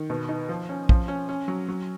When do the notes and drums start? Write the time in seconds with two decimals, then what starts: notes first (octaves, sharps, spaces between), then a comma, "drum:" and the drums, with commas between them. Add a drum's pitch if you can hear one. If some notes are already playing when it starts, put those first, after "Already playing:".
Already playing: D#3
0.10 B2
0.29 D#4
0.49 F3
0.69 C#4
0.89 F3, drum: kick
1.08 C#4
1.29 C#4
1.48 F#3
1.68 F#3